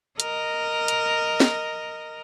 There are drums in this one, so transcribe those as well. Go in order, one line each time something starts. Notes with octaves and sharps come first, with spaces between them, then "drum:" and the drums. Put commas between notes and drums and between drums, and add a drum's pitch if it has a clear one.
A#4 D#5, drum: hi-hat
drum: hi-hat
drum: snare